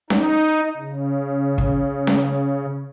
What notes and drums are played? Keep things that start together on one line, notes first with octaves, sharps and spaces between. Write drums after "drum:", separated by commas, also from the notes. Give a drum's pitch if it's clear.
D#4, drum: snare C#4
C#3
drum: kick
drum: snare C#4